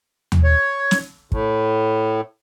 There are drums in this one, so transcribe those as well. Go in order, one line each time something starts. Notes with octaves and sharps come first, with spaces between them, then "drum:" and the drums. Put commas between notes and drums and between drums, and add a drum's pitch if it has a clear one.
drum: tom D#2
C#5
drum: snare
A2, drum: kick